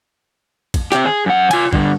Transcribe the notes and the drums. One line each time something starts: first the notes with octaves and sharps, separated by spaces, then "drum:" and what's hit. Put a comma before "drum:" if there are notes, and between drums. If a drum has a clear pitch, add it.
drum: kick, cymbal
C4 G4, drum: snare
G#4
F#2 F#5
F4 G#5, drum: cymbal
G2 D3, drum: kick